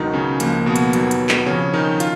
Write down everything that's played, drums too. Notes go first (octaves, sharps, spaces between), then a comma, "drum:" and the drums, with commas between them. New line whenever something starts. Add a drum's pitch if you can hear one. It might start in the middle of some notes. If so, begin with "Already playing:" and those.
Already playing: C#2 B2 D#3 F#3 D#4
C#3 C#4
C#2 C#3 F3 A#3, drum: hi-hat
B2 B3
drum: hi-hat
D#2 D#3 F#3, drum: hi-hat
drum: hi-hat
drum: clap
F2 C#3 F3 C#4
D#3 D#4
F4, drum: hi-hat